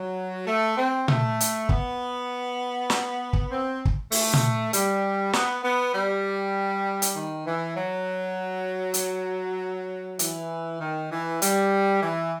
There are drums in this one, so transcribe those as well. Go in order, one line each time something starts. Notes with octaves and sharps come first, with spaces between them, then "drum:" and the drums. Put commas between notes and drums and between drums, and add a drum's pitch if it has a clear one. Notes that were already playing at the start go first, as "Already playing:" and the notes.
Already playing: F#3
A3
C4
A3, drum: tom A#2
drum: hi-hat
B3, drum: kick
drum: snare
drum: kick
C4
drum: kick
A3, drum: open hi-hat
drum: tom A#2
G3, drum: hi-hat
B3, drum: snare
B3
G3
drum: hi-hat
D#3
E3
F#3
drum: hi-hat
E3, drum: hi-hat
D#3
E3
G3, drum: hi-hat
E3